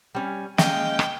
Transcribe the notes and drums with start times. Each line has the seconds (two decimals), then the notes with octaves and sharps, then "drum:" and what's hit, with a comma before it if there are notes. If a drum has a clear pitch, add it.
0.15 G3 C#4
0.58 G#3 A#3 C#4 D#5 G5 G6, drum: snare
0.99 drum: rim click